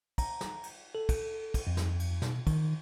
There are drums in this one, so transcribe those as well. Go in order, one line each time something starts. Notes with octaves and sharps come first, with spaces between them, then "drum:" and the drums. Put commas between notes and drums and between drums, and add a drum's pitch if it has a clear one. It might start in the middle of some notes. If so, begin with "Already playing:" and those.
A#5, drum: kick, cymbal
drum: snare
drum: cymbal
A4
drum: kick, cymbal
drum: kick, cymbal
F2
drum: snare
drum: cymbal
B2, drum: snare
D#3, drum: kick, cymbal